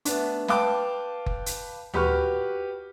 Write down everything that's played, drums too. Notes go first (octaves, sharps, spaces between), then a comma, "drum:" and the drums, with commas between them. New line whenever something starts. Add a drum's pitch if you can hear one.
A3 B3 D4, drum: hi-hat
B4 F5 G5 A5 D6, drum: snare
drum: kick F#1
drum: hi-hat
F#4 G4 B4 C#6 F6, drum: tom D2